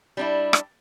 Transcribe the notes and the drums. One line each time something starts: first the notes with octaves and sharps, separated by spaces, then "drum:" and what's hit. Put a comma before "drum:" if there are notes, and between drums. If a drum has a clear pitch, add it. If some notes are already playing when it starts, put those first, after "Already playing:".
G3 D4 E4
drum: rim click